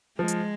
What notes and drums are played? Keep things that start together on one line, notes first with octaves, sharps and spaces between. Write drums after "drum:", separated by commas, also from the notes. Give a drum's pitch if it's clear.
F3 G#3
drum: hi-hat